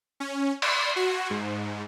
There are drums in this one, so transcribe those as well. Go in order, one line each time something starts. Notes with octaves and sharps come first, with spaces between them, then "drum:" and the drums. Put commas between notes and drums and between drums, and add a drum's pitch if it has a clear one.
C#4
D5, drum: cymbal
F#4
G#2